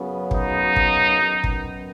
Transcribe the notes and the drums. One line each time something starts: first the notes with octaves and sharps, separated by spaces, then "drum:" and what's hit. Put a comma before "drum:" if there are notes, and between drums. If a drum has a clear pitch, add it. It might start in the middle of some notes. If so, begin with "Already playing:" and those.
Already playing: F#2 C#3 B3
D#4, drum: kick
drum: kick
F#2 D#3 B3
drum: kick